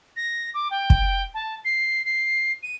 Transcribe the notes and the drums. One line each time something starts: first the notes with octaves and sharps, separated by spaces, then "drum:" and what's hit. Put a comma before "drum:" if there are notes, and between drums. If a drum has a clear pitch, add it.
A#6
D6
G5
drum: kick
A5
C7
C7
D#7